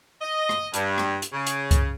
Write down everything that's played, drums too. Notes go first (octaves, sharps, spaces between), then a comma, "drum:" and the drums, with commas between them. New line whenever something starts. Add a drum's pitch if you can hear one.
D#5
drum: rim click
G2, drum: hi-hat
drum: rim click
drum: hi-hat
C#3
drum: hi-hat
drum: kick C2, hi-hat